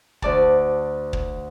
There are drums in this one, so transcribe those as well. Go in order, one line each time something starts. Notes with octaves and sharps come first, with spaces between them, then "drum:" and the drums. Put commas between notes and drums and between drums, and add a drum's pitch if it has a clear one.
D2 D5 A5, drum: kick
drum: kick